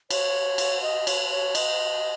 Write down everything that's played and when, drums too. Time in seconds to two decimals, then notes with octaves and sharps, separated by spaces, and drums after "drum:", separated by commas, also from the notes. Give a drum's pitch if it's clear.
0.10 C#5, drum: cymbal
0.58 drum: cymbal
0.82 D#5
1.07 C#5, drum: cymbal
1.30 C#5
1.55 D#5, drum: cymbal